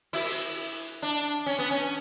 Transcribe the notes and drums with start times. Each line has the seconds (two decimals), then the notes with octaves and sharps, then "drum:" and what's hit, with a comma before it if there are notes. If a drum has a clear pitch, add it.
0.13 E4, drum: open hi-hat
1.02 D4
1.46 C#4
1.58 B3
1.71 C#4